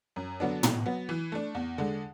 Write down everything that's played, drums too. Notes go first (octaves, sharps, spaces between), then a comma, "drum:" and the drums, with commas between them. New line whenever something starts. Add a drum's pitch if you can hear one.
F#2
D3 F#3 B3 D4
B2, drum: tom
F#3 B3
E3
A3 D4
E2
D3 G#3